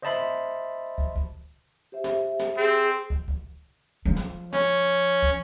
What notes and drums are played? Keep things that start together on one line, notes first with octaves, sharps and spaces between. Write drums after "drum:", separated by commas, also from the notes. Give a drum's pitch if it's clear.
C5 D#5 E5 A5 B5 C6
drum: kick
drum: kick
G4 C5 E5
drum: snare
drum: snare
C4 G#4
drum: kick
drum: kick
F3
drum: snare
C#4, drum: snare
drum: kick